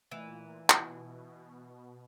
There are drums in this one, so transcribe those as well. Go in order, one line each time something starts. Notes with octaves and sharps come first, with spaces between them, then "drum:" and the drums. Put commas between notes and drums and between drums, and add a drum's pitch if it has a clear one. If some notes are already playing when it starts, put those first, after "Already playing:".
A#2 E3 A3 D#5 E5
B2 E4 F4, drum: clap